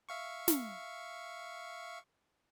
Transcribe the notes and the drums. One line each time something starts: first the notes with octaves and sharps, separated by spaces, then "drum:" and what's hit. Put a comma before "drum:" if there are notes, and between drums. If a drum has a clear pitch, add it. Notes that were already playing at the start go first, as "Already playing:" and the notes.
E5 F5 C#6
drum: snare